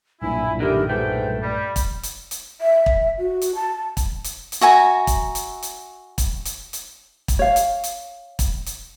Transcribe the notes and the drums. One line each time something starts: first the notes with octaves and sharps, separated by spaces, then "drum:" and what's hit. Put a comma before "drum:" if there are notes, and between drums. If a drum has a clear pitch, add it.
B1 G2 A#2 E4 G#5
D3 D#3 E4 G4 A#4
G#2 G3 A3 B4 G5
G3 B5
drum: kick, hi-hat
drum: hi-hat
drum: hi-hat
E5
drum: kick
F#4
drum: hi-hat
A5
drum: kick, hi-hat
drum: hi-hat
drum: hi-hat
F#4 E5 G#5 A#5
drum: kick, hi-hat
drum: hi-hat
drum: hi-hat
drum: kick, hi-hat
drum: hi-hat
drum: hi-hat
drum: kick, hi-hat
C#5 F5
drum: hi-hat
drum: hi-hat
drum: kick, hi-hat
drum: hi-hat